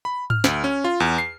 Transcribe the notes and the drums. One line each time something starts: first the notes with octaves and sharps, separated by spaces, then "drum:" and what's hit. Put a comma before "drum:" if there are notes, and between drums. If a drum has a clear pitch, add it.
B5
F6, drum: tom G#2
D2, drum: snare
C#4
F4
E2
C7